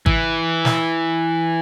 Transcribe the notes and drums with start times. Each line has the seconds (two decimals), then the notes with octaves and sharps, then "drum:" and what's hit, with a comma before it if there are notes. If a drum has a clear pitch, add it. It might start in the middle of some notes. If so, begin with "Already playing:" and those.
0.06 E3, drum: kick G#1
0.65 drum: snare